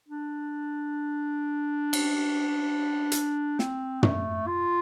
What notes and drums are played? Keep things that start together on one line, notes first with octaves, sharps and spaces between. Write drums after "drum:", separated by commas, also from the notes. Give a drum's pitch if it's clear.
D4
drum: cymbal
drum: hi-hat
C4, drum: snare
A3, drum: tom
F4